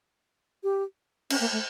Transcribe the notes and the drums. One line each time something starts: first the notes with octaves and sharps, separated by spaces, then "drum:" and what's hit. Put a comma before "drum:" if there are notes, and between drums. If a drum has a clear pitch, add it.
G4
C#4, drum: cymbal
A#3
A3